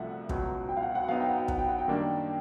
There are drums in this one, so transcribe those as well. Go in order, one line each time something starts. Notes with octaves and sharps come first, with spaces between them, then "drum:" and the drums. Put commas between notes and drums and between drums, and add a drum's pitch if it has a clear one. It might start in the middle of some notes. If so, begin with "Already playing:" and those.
Already playing: C2 C3 F3 A3 C4 E5 F#5
C#2 B2 F#3, drum: kick
G5
F5
F#5
F#5
F#3 B3 D#4 F5
G5
F#5
G5
F#5, drum: kick
G5
F#5
G5
F#2 D#3 G3 A#3 D4